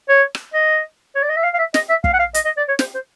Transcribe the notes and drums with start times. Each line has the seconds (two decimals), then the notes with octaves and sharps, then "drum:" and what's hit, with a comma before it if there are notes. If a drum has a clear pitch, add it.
0.09 C#5
0.35 drum: rim click
0.54 D#5
1.15 C#5
1.22 D5
1.29 D#5
1.36 E5
1.44 F5
1.54 F5
1.58 E5
1.74 D#5, drum: snare
1.89 E5
2.04 F5, drum: kick
2.13 F#5
2.19 F5
2.34 D#5, drum: hi-hat
2.45 D#5
2.57 D5
2.68 C#5
2.79 C5, drum: snare
2.94 C5